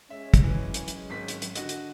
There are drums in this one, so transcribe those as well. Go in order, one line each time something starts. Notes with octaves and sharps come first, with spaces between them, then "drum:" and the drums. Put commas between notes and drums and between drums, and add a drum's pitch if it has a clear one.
G#3 C#4 C#5 E5
drum: kick, hi-hat
E3 F#3
drum: hi-hat
drum: hi-hat
G#1 B6
drum: hi-hat
drum: hi-hat
D3 F#4 D#5, drum: hi-hat
drum: hi-hat